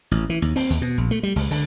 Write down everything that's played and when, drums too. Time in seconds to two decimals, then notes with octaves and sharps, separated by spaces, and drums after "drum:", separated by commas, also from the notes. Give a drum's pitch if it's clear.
0.11 A1
0.30 E3
0.42 D#2
0.56 C4, drum: open hi-hat
0.70 D#2, drum: hi-hat
0.82 B2
0.98 A#1
1.11 A3
1.23 G3
1.36 C#2, drum: open hi-hat
1.51 D3, drum: open hi-hat